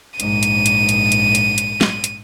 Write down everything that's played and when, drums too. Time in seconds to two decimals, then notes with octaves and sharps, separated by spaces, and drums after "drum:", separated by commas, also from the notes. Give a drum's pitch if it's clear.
0.20 A#1 G#2 D#7, drum: hi-hat
0.43 drum: hi-hat
0.66 drum: hi-hat
0.89 drum: hi-hat
1.12 drum: hi-hat
1.35 drum: hi-hat
1.58 drum: hi-hat
1.81 drum: snare
2.04 drum: hi-hat